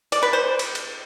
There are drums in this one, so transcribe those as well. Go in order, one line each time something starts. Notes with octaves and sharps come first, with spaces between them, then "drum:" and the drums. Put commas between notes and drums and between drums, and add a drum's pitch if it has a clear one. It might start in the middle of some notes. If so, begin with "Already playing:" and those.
D5, drum: cymbal
B4
C5
drum: cymbal
drum: cymbal